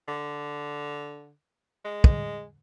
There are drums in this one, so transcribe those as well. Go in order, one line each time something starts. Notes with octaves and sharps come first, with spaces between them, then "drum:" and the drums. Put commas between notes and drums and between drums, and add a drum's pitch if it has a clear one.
D3
G#3
drum: kick